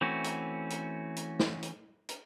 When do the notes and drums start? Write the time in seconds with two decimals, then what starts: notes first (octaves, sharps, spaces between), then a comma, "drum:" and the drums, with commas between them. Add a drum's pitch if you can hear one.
0.01 E3 A3 C4 C#4 F#4
0.24 drum: hi-hat
0.70 drum: hi-hat
1.16 drum: hi-hat
1.39 drum: snare
1.62 drum: hi-hat
2.09 drum: hi-hat